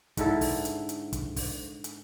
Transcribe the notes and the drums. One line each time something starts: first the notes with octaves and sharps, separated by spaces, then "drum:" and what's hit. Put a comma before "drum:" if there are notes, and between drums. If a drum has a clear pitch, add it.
G#2 D3 E4 A4, drum: kick, hi-hat
drum: kick, open hi-hat
drum: hi-hat
drum: hi-hat
drum: kick, hi-hat
drum: kick, open hi-hat
drum: hi-hat